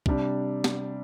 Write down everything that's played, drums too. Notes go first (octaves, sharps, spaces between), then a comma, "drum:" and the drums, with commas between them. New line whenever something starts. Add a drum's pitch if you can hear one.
C3 G3 D4, drum: kick
drum: snare